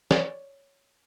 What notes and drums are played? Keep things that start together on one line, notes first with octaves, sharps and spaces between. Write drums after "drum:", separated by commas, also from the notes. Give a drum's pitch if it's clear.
C#5 D5, drum: snare